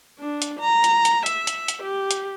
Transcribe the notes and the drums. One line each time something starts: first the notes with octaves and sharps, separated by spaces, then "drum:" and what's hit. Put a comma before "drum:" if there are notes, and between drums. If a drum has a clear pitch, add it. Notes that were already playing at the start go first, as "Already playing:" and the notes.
D4
drum: hi-hat
A#5
drum: hi-hat
drum: hi-hat
E5, drum: hi-hat
drum: hi-hat
drum: hi-hat
G4
drum: hi-hat